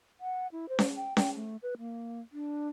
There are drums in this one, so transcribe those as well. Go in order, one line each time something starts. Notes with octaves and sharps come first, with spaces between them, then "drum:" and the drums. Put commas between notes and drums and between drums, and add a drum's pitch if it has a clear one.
F#5
E4
C5
drum: snare C#4
G5
G5, drum: snare C#4
A3
B4
A#3
D4